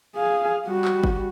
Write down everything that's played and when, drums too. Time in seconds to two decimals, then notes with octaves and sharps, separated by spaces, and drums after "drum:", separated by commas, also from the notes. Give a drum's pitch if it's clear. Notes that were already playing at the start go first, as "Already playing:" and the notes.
0.16 G#4 F5
0.66 G3 F#4
0.85 drum: clap
1.04 drum: kick G1